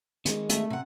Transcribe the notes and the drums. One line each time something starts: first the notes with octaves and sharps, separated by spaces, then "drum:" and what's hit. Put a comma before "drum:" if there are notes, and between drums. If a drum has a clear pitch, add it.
D#3 G#3, drum: hi-hat
A3 E5, drum: hi-hat
C3 F#5